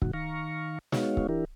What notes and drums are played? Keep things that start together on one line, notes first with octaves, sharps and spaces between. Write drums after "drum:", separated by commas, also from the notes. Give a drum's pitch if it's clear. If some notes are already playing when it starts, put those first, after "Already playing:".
G2 B2 D#3 F#4, drum: kick C#1
D#3 F5 A#5 C#6
G#3 B3 D#4 F#4 C#5 F5, drum: snare
drum: kick C#1
E3 D4 E4 G4 A#4